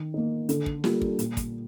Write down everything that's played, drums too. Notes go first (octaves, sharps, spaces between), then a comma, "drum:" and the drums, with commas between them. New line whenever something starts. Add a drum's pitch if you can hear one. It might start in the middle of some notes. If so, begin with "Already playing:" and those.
Already playing: D#3
A#3 D#4
D3, drum: hi-hat
drum: kick
G3 A#3 F4, drum: snare
drum: kick
A#2, drum: hi-hat
drum: kick, hi-hat